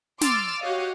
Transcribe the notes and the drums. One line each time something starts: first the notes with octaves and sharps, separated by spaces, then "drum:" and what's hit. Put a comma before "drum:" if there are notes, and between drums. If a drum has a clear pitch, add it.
C6 D6 E6 F6 A6, drum: snare
F#4 G4 C#5 D#5 F5